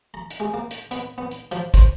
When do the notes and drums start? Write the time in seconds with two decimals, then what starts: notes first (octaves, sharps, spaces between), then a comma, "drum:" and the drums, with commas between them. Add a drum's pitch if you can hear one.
0.14 A#5
0.30 drum: hi-hat
0.40 G#3
0.54 A#3
0.71 drum: hi-hat
0.91 B3, drum: hi-hat
1.18 B3
1.31 drum: hi-hat
1.52 F3, drum: hi-hat
1.74 C5, drum: kick, hi-hat